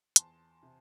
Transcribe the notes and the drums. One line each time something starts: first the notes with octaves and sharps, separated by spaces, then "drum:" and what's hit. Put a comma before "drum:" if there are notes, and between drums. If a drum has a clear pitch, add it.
E2 A5 C6, drum: hi-hat
C3